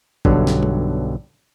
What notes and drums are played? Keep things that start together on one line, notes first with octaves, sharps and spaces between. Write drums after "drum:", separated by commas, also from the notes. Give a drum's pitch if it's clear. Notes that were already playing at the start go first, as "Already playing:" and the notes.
B1 G2 D3 F#3, drum: kick
drum: snare
drum: tom G#3